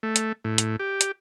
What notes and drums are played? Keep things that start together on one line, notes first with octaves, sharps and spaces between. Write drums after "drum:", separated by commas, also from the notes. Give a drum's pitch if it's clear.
A3
drum: hi-hat
A2
drum: hi-hat
G4
drum: hi-hat